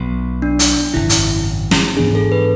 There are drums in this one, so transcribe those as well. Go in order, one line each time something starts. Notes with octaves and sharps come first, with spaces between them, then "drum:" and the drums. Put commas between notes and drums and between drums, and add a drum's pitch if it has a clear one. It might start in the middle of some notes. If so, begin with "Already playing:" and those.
Already playing: B1 B2 F#3 B3
D4
drum: hi-hat
G#1 F#2 C#3 E4
drum: hi-hat
drum: snare
G#2 E3 B3 D4 G#4
A4
B4